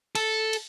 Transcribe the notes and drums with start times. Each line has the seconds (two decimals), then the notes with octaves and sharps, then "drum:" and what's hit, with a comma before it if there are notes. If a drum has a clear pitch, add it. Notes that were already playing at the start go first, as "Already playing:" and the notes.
0.15 A4, drum: cymbal
0.53 drum: cymbal